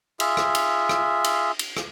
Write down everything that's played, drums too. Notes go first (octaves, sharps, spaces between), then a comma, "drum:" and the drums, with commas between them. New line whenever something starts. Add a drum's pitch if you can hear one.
F4 G#4 E5, drum: cymbal
drum: rim click
drum: cymbal
drum: rim click
drum: cymbal
drum: cymbal
drum: rim click